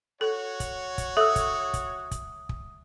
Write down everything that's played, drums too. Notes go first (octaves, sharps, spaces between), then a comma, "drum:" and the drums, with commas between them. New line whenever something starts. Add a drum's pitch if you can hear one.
F#4 A4 C#5
drum: kick, hi-hat
drum: kick, hi-hat
A4 E5 D#6 E6
drum: kick, hi-hat
drum: kick, hi-hat
drum: kick, hi-hat
drum: kick